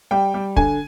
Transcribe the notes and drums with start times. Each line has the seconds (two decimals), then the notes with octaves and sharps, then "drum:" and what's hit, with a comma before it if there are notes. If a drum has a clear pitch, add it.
0.11 G3 G5
0.34 G3
0.57 D3 G#5, drum: kick